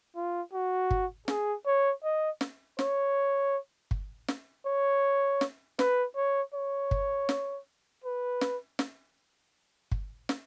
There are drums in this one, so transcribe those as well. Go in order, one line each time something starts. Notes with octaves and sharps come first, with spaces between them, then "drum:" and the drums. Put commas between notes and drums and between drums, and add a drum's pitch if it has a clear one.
F4
F#4
drum: kick
G#4, drum: snare
C#5
D#5
drum: snare
C#5, drum: snare
drum: kick
drum: snare
C#5
drum: snare
B4, drum: snare
C#5
C#5
drum: kick
drum: snare
B4
drum: snare
drum: snare
drum: kick
drum: snare